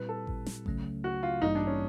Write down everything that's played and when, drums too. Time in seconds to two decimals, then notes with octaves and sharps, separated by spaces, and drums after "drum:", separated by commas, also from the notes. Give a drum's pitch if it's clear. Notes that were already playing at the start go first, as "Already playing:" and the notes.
Already playing: A#2 G3 C4 E4 G4 B4
0.09 A4
0.27 drum: kick A1
0.46 drum: snare
0.66 C#2 C#3 F#3 A3 C#4, drum: kick A1
1.04 F#4
1.23 F4
1.42 A1 G2 E3 G3 A#3 D#4
1.55 D4
1.67 C#4